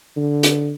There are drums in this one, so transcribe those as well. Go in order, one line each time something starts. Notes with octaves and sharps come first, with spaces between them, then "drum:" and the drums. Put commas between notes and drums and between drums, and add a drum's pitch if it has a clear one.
D3
drum: hi-hat